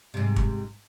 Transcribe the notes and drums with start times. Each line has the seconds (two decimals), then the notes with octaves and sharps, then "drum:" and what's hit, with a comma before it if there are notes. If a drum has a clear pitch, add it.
0.14 G#2 C3
0.36 drum: kick